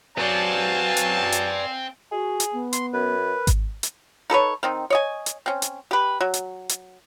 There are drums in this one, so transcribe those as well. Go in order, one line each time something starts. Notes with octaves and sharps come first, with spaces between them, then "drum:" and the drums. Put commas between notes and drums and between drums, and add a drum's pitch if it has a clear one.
F#3 C4 B4 D5 F5 G#5 A5
drum: hi-hat
drum: hi-hat
F#4 G#4
drum: hi-hat
B3
C6, drum: hi-hat
F#2 B4
A#4
drum: kick G#1, hi-hat
drum: hi-hat
D#4 A4 B4 C#5
D#3 C4 D#4
C#5 D#5 G#5
drum: hi-hat
C4 C#4
drum: hi-hat
G4 B4
F#3
drum: hi-hat
drum: hi-hat